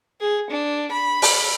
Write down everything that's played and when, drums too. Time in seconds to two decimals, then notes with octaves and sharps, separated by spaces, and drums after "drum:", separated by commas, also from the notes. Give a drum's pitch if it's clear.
0.21 G#4
0.51 D4
0.92 B5
1.22 drum: open hi-hat